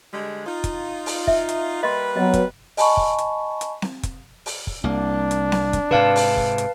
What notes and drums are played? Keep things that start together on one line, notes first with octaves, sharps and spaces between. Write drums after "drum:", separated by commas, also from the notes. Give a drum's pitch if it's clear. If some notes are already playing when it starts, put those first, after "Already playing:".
D3 G3 G#3
D#4 F4
drum: kick, hi-hat
drum: open hi-hat
E5, drum: kick
drum: hi-hat
G3 A#3 B4 D#5 C6
F#3 B3 D#5
drum: kick, hi-hat
D#5 G#5 A5 B5 C#6, drum: open hi-hat
drum: kick
drum: hi-hat
drum: hi-hat
drum: snare C4
drum: kick, hi-hat
drum: open hi-hat
drum: kick
C2 A#3 D4
drum: hi-hat
drum: snare C4
drum: kick, hi-hat
G#2 C3 B4 F5 A5
drum: open hi-hat
drum: kick
drum: hi-hat